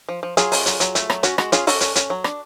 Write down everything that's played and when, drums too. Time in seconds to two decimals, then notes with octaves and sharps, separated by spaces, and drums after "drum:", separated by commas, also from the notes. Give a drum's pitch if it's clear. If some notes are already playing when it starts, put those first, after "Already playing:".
0.09 F3
0.23 F3
0.37 F#3 F4 G#4, drum: hi-hat
0.52 C#4, drum: open hi-hat
0.66 F#3, drum: hi-hat
0.80 F#3, drum: hi-hat
0.95 A3, drum: hi-hat
1.10 F#3, drum: rim click
1.23 C#4 F#4, drum: hi-hat
1.38 G#3 F#4, drum: rim click
1.52 C#4 F4 G#4, drum: hi-hat
1.67 C#4 F#4 A4, drum: open hi-hat
1.81 C#4, drum: hi-hat
1.96 C#4, drum: hi-hat
2.10 F#3
2.24 D4, drum: rim click